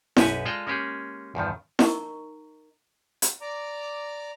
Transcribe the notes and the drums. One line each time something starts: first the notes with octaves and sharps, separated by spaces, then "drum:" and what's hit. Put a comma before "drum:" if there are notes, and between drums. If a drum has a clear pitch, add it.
B1 F#2 F#4 G4 B4 G#5, drum: snare E4
G#3 F4 A4 D5 D#5 G5
G#3 A#3 C#4 G4 G#4
E2 G2 D#3 F3
D#4 A#4 D#5 A#5 C#6, drum: snare E4
drum: hi-hat
D5 A#5 D6